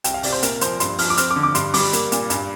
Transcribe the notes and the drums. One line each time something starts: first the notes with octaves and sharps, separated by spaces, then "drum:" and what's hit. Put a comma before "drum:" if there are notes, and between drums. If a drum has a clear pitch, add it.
C2 G5, drum: hi-hat
F5
C3 D5, drum: open hi-hat
C5
A#2 A#4, drum: hi-hat
F3 C5, drum: hi-hat
G2 C6, drum: hi-hat
F3 F6, drum: open hi-hat
D6
C4 F6, drum: hi-hat
D6
D3
D6
G2 C6, drum: hi-hat
G3 D6, drum: open hi-hat
A#3, drum: hi-hat
A#2, drum: hi-hat
G2, drum: hi-hat